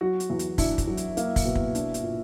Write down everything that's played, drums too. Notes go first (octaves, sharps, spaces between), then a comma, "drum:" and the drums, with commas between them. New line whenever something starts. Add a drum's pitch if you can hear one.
F#3 F#4
drum: hi-hat
E2
drum: hi-hat
D4 E4, drum: kick, open hi-hat
drum: kick, hi-hat
F#3
drum: hi-hat
A#3, drum: hi-hat
drum: kick, open hi-hat
B2
drum: kick
D4, drum: hi-hat
drum: hi-hat
A#2